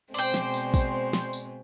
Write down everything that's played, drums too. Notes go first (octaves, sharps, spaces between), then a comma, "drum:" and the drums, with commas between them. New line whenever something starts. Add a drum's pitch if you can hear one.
B2 G#3 C4 C5 D5 G5 C6, drum: tambourine
drum: snare
drum: tambourine
drum: kick, tambourine
drum: snare
drum: tambourine